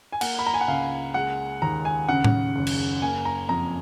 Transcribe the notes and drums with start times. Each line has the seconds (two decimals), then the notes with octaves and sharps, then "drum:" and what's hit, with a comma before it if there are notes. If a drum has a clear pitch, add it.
0.12 G#5
0.21 A#3 F#5, drum: cymbal
0.39 B5
0.46 A#5
0.54 G#5
0.61 F#5
0.68 C#2 F5
1.14 G#3 F#5
1.62 D#2 A#5
1.85 G#5
2.09 C#3 F#5
2.24 drum: tom A2
2.55 F#1
2.67 drum: cymbal
3.02 A#3 G#5
3.25 A#5
3.49 F2 A#5